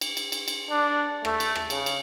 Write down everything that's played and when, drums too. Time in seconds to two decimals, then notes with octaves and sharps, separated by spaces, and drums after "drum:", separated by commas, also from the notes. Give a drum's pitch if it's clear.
0.01 drum: cymbal
0.17 drum: cymbal
0.32 drum: cymbal
0.48 drum: cymbal
0.71 D4
1.25 A3, drum: rim click
1.40 drum: cymbal
1.55 drum: rim click
1.70 C#3, drum: cymbal
1.86 drum: cymbal